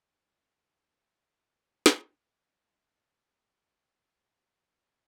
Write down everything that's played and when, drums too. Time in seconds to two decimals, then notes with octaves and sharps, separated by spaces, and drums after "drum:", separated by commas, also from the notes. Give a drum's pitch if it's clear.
0.10 F2 C#3 D#4 F5
1.86 drum: snare
2.29 E5 G5 C#6 D#6 G6 F7
2.94 D5 F6 F#6 A6 D7 E7
3.26 G4 B5 G#6 D#7
3.72 C5 C#5
4.30 A#5